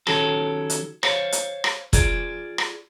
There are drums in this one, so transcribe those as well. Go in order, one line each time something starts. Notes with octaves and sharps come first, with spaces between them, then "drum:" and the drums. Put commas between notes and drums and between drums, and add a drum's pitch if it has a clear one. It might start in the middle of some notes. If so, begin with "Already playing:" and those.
D#3 F#3 C#4 G4 A4, drum: rim click
drum: hi-hat
C5 C#5 F5, drum: rim click
drum: hi-hat
drum: rim click
F4 G#4 D5, drum: kick, hi-hat
drum: rim click